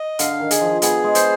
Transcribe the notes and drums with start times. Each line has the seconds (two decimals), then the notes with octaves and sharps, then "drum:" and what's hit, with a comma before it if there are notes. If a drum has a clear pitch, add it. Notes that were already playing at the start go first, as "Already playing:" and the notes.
Already playing: D#5
0.19 D3 F5, drum: hi-hat
0.40 D#3
0.51 G#4, drum: hi-hat
0.61 F3
0.82 B3 G#4, drum: hi-hat
1.04 G#3
1.15 C5, drum: hi-hat